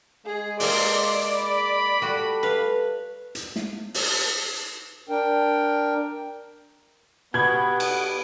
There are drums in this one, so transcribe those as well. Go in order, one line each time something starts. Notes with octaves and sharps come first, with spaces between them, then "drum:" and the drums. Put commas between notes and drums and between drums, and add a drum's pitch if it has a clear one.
G#3 G#4
A#3 D5 G5 C6, drum: open hi-hat
B5
G3 F#4 A4
B4 F5
drum: hi-hat
drum: snare
drum: open hi-hat
D4 A#4 G5
B2 B3 G4 B5 C#6 G#6
drum: cymbal